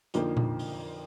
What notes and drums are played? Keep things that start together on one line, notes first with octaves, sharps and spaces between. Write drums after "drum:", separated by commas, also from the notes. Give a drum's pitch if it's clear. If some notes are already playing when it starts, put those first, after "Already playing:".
F2 D3 F3 A#3 D#4, drum: hi-hat
drum: tom A#2
drum: open hi-hat